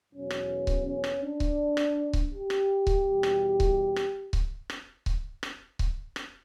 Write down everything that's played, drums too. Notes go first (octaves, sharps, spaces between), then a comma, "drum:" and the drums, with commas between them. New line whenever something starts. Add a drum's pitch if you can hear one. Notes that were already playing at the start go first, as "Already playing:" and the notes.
E2 B2 F#3 C#4
drum: rim click
drum: kick C#1
C#4
drum: rim click
D4
drum: kick C#1
drum: rim click
drum: kick C#1
G4
drum: rim click
drum: kick C#1
E2 B2 G3
drum: rim click
drum: kick C#1
drum: rim click
drum: kick C#1
drum: rim click
drum: kick C#1
drum: rim click
drum: kick C#1
drum: rim click